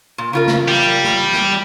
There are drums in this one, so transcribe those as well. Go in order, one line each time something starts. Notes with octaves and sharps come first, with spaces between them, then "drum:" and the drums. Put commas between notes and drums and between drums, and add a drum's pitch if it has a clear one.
A#2
C#3 F4 A#4
drum: snare
G3
drum: snare
drum: snare